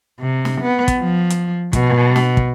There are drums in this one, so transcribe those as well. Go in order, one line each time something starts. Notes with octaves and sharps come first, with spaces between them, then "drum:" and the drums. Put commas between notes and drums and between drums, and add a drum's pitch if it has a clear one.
C3
drum: snare
B3
drum: kick, hi-hat
F3
drum: hi-hat
B2, drum: kick, hi-hat
drum: snare
drum: kick